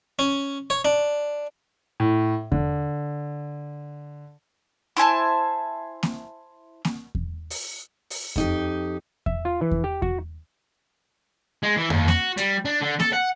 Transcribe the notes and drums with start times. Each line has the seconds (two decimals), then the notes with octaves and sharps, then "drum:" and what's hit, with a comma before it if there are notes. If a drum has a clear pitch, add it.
0.19 C#4
0.70 C#5
0.85 D4
2.00 A2
2.52 D3, drum: kick E2
4.97 E4 C5 G#5 A5
6.03 drum: snare A#3
6.85 drum: snare A#3
7.15 drum: kick E2
7.50 drum: open hi-hat
8.10 drum: open hi-hat
8.36 F2 D#4 G4, drum: kick E2
9.26 E5, drum: kick E2
9.45 F4
9.61 E3
9.71 drum: kick E2
9.84 G4
10.02 F#4, drum: kick E2
11.63 G#3
11.77 E3
11.90 D#2, drum: tom F2
12.08 F#4, drum: snare A#3
12.38 G3, drum: hi-hat
12.65 D4
12.81 D3
13.00 A4, drum: snare A#3
13.13 F#5